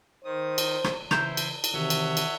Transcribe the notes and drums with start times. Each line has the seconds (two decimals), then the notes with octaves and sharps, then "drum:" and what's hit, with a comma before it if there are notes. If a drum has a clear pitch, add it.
0.24 D#3 C5 D#6
0.58 drum: cymbal
0.84 drum: rim click
1.11 C#3 E3 E4 C5 A#5 G6 E7, drum: rim click
1.37 drum: cymbal
1.64 drum: cymbal
1.74 C3 D#3 E3 F#4 C#5 E5 F#5
1.90 drum: cymbal
2.17 drum: cymbal